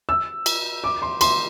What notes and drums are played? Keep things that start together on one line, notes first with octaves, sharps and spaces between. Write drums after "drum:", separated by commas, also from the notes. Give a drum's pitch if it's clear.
E6
drum: cymbal
D6
C6
C6, drum: cymbal